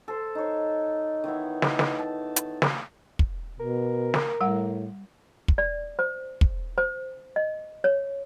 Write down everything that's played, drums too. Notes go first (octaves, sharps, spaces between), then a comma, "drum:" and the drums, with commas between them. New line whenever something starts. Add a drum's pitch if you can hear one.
A4 C5
D#4 C#5
D#3 E3 B3 E4
drum: snare
drum: snare
A5
drum: hi-hat
drum: snare
drum: kick
B2 A#4
drum: snare
A2 G3 F#5
drum: kick
D5
C5
drum: kick
C5
D#5
C#5